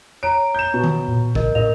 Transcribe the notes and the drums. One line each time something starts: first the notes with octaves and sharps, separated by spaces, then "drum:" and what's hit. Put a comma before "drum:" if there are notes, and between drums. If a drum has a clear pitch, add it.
C#5 A#5 D7
G6 E7
B2
drum: tom D#3
A#2
A#4 D#5, drum: kick
A2 C#4 A#4 D#5 F7